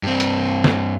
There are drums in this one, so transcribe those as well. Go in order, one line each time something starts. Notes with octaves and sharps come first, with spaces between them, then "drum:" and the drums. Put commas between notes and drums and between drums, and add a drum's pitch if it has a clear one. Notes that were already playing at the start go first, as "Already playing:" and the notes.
G2 C4
drum: hi-hat
drum: snare